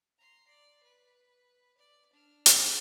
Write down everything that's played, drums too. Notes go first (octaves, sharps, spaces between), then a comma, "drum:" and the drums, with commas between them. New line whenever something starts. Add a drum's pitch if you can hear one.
A#5 C6
D5
B4
D5
D4 F6
drum: hi-hat